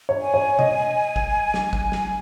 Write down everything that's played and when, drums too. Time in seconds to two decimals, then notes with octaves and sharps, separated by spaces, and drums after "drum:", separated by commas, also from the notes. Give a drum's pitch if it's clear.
0.09 C#5
0.21 G#5
0.34 C#5
0.59 D#5, drum: tom B2
1.16 drum: kick
1.54 drum: snare
1.73 drum: kick
1.92 drum: snare